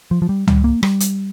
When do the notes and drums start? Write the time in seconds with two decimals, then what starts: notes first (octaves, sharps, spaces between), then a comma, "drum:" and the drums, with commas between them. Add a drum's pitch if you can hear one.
0.11 F3
0.22 F3
0.29 G3
0.48 G3, drum: tom C#2
0.64 A#3
0.83 G3, drum: rim click
1.00 drum: hi-hat